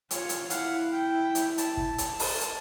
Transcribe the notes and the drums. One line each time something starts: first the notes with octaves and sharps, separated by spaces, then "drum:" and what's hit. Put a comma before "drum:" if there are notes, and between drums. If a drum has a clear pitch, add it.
F4 C#5, drum: hi-hat
drum: hi-hat
E4 F5 F#5, drum: hi-hat
G5
drum: hi-hat
A5, drum: hi-hat
drum: kick
drum: hi-hat
drum: open hi-hat
drum: hi-hat